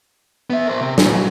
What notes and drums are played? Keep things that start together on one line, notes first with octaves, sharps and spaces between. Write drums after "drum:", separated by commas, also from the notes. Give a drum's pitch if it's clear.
B3 E5
A#4 C5
C3
A#2 E3, drum: snare
F#3